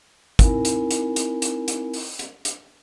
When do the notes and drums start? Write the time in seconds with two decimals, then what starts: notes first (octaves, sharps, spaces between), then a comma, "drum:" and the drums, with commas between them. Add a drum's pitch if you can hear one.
0.39 C4 D#4 E4 A#4 G#5 B5, drum: kick, hi-hat
0.65 drum: hi-hat
0.91 drum: hi-hat
1.16 drum: hi-hat
1.42 drum: hi-hat
1.68 drum: hi-hat
1.94 drum: open hi-hat
2.19 drum: hi-hat
2.45 drum: hi-hat